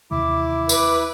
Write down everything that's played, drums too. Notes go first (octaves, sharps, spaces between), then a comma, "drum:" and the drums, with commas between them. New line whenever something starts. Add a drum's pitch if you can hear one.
D#2 C3 E3 E4 D6
B4 D6, drum: tambourine